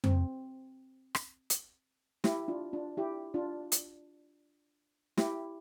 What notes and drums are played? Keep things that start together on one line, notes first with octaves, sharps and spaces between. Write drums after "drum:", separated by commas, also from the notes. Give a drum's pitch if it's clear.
C4, drum: tom F2
drum: rim click
drum: hi-hat
E4 G4, drum: snare
D4 F4
D4 F4
E4 G4
D4 F4
drum: hi-hat
E4 G4, drum: snare